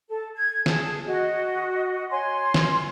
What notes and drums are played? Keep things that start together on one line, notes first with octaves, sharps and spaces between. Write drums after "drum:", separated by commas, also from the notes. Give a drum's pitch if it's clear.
A4
G#6
G#4 A5, drum: snare
F#4 D#5
C#5 G#5 C6
drum: snare